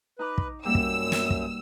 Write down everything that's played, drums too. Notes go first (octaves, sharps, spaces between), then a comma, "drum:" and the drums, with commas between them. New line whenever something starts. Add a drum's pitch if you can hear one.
D#4 B4 A#5 D6
drum: kick
F#2 B2 G3 A#3 E6
drum: kick
drum: snare
drum: kick